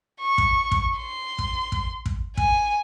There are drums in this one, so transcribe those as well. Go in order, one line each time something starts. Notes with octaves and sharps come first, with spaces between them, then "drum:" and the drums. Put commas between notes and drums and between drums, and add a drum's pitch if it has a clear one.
C#6
drum: kick
drum: kick
C6
drum: kick
drum: kick
drum: kick
G#5, drum: kick